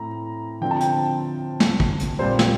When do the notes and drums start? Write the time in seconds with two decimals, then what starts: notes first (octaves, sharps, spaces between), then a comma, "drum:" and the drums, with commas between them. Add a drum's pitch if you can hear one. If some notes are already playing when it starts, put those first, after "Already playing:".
Already playing: A2 A3 C4 A#5
0.61 D3 F3 C4 G5
0.71 A5
0.81 G5, drum: hi-hat
1.60 drum: snare
1.80 drum: kick
2.00 drum: hi-hat
2.19 A#2 G3 C4 C5
2.39 drum: snare